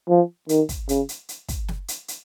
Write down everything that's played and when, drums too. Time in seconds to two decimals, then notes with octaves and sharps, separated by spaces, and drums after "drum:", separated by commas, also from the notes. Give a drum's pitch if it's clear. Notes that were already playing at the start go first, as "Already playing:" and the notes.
0.09 F3
0.49 D#3, drum: hi-hat
0.69 drum: kick, hi-hat
0.89 C#3, drum: hi-hat
1.09 drum: hi-hat
1.29 drum: hi-hat
1.49 drum: kick, hi-hat
1.68 drum: snare
1.88 drum: hi-hat
2.08 drum: hi-hat